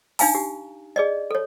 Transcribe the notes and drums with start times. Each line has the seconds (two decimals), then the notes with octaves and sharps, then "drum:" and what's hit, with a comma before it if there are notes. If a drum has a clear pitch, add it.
0.19 D4 D#4 F5 G#5 A#5, drum: open hi-hat
0.35 G4
0.96 G#4 D5 D#5
1.31 A4 C#5